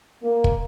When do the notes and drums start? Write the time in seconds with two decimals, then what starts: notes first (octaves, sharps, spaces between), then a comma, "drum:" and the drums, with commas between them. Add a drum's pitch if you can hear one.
0.23 A#3
0.44 drum: kick